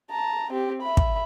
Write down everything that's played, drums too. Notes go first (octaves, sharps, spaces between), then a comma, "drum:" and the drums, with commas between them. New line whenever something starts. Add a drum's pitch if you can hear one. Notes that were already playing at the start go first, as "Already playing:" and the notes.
A5 A#5
C4 G4
E5 B5
drum: kick